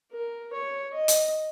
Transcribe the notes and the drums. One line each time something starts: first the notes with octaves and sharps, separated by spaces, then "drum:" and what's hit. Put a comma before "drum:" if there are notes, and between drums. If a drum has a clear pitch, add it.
A#4
C#5
D#5
drum: hi-hat